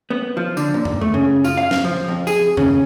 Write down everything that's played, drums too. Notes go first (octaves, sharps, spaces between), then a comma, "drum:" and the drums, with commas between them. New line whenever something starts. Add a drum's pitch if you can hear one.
B3
F3
D3, drum: tambourine
A#2
drum: tom F#2
A3
C#3
F4, drum: tambourine
F5
drum: snare
F3
F2
G#4, drum: tambourine
C#3, drum: tom F#2